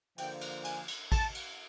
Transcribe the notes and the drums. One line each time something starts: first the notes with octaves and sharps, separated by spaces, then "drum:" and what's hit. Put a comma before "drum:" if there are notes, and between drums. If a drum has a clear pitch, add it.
D3 F3 A#3 G5, drum: cymbal
drum: cymbal
G#5, drum: cymbal
drum: cymbal
A5, drum: kick A1, cymbal
drum: cymbal